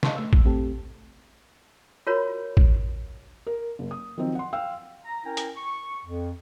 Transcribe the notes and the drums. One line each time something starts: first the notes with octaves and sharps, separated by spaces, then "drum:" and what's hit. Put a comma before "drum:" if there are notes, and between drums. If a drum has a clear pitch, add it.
D#5 F5 A5 C6 C#6, drum: snare
A3 E6
drum: kick A1
A3 C4 G4 A4
F4 F#4 A#4 C#5 D5 B5
drum: kick A1
A#4
F#1
D#6
D#3 F3 F#3 C4 D#4
F#5 C6
F5 G5 E6
A#5
C#4 E4 A#4 G5 G#5 A#5
drum: hi-hat
C#6
F2